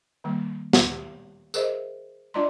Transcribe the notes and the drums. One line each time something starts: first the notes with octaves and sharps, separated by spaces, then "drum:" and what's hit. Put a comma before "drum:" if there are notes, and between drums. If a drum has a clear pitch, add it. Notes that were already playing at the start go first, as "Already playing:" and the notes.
D#3 G3 A#3
drum: snare
G4
G#4 A#4 C5 D#5 E5, drum: tambourine
D4 F4 D5 D#5 A#5 C6